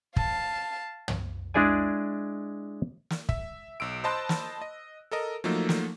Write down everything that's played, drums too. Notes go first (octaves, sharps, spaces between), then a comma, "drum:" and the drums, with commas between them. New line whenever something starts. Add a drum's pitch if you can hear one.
F5 A5, drum: kick
drum: tom
G#3 D4 E4 G#4 D5 G#5
drum: snare
E5, drum: kick
B1 E6 D7
C5 D#5 A5 B5 C6 F#6
drum: snare
D#5
A4 A#4 D#5
F3 F#3 A3 A#3 D#4 A4
drum: snare